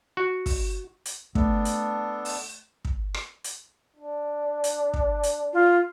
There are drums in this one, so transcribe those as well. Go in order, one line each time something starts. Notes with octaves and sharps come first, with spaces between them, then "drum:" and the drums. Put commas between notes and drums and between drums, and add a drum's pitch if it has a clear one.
F#4
drum: kick, open hi-hat
drum: hi-hat
A3 B3 D4 A4, drum: kick
drum: hi-hat
drum: open hi-hat
drum: kick
drum: rim click
drum: hi-hat
D4
drum: hi-hat
drum: kick
drum: hi-hat
F4